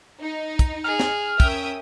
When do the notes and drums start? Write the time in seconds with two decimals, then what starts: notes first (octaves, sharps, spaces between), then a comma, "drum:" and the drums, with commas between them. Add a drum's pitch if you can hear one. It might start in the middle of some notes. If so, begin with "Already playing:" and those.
0.20 D#4
0.59 drum: kick, hi-hat
0.84 G#4 F6
1.00 drum: snare
1.40 C#4 A#4 E5 G5 D#6, drum: kick, hi-hat